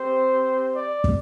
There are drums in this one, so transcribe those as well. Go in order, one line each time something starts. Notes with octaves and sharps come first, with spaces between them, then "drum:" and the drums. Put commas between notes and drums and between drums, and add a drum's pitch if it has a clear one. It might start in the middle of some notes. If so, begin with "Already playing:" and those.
Already playing: C4 G4 C5
D5
drum: kick